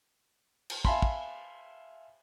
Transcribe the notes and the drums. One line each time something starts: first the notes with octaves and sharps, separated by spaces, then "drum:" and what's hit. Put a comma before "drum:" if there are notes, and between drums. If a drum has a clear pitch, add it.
drum: cymbal
E5 F5 G#5 A5 B5 C6, drum: kick
drum: kick